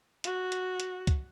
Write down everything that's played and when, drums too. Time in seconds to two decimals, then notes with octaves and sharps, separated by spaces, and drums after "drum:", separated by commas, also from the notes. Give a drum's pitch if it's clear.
0.24 F#4, drum: hi-hat
0.52 drum: hi-hat
0.80 drum: hi-hat
1.07 drum: kick C#2, hi-hat